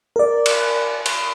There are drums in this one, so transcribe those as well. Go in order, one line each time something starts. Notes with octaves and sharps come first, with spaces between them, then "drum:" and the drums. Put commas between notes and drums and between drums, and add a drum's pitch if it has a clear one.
A#4 D5
drum: cymbal
drum: cymbal